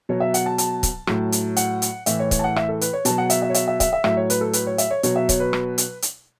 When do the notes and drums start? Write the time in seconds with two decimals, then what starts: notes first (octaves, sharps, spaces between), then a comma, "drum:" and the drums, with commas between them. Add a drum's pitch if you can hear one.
0.09 B2 F#3 C#5
0.20 E5
0.34 F#5, drum: hi-hat
0.46 A5
0.58 A5, drum: hi-hat
0.83 drum: kick C#1, hi-hat
1.07 A2 F#3, drum: rim click
1.32 drum: hi-hat
1.56 F#5, drum: hi-hat
1.82 drum: hi-hat
2.06 A2 E3 E5, drum: hi-hat
2.20 C#5
2.31 C#5, drum: kick C#1, hi-hat
2.39 A5
2.44 F#5
2.56 E5, drum: rim click
2.69 A4
2.81 B4, drum: hi-hat
2.93 C#5
3.05 B2 F#3 A5, drum: hi-hat
3.18 F#5
3.30 E5, drum: hi-hat
3.42 E5
3.50 C#5
3.54 E5, drum: hi-hat
3.67 E5
3.80 E5, drum: kick C#1, hi-hat
3.93 E5
4.04 A2 F#3 E5, drum: rim click
4.17 C#5
4.30 B4, drum: hi-hat
4.41 A4
4.53 B4, drum: hi-hat
4.67 C#5
4.78 E5, drum: hi-hat
4.91 C#5
5.03 B2 F#3 C#5, drum: hi-hat
5.16 E5
5.29 C#5, drum: kick C#1, hi-hat
5.40 B4
5.53 drum: rim click
5.78 drum: hi-hat
6.02 drum: hi-hat